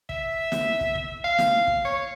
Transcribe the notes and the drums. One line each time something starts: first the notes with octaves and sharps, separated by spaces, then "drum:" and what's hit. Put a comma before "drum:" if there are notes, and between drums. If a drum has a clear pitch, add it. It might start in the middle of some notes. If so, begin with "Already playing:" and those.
E5, drum: kick
drum: snare
drum: kick
drum: kick
F5
drum: snare
drum: kick
C#5